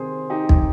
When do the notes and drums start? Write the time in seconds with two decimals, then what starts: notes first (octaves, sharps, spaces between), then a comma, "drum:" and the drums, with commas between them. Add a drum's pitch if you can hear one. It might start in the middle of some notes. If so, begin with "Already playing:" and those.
Already playing: C3 D#3 G#4 C5
0.30 D#4 G4
0.49 drum: kick